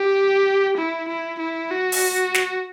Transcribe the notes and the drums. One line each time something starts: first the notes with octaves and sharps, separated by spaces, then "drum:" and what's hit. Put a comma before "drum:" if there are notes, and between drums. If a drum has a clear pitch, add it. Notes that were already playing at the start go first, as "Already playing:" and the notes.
Already playing: G4
E4
E4
E4
F#4
drum: open hi-hat
drum: snare